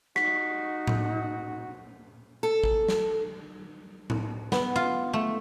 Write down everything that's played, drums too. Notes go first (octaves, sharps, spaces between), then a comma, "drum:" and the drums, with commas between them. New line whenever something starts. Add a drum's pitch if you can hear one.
D#4 F#4 B6, drum: rim click
drum: tom A2
A4
drum: kick
drum: snare
drum: tom A2
B3, drum: snare
F4
A3